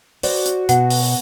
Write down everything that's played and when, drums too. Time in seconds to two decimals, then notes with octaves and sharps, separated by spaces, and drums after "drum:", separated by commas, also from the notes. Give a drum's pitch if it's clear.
0.23 F#4 C5 D5, drum: open hi-hat
0.46 drum: hi-hat
0.69 B2 F#5, drum: hi-hat
0.90 drum: open hi-hat